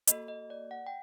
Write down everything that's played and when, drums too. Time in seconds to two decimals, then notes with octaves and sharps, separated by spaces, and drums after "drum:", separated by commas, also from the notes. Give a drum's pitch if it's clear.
0.07 A#3 F#4 A4 D#5, drum: hi-hat
0.28 D#5
0.50 D5
0.71 F#5
0.86 G5